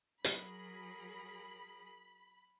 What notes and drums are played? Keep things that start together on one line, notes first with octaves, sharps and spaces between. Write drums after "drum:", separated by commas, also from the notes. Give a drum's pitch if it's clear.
F#3 G#4 A#4 B5, drum: hi-hat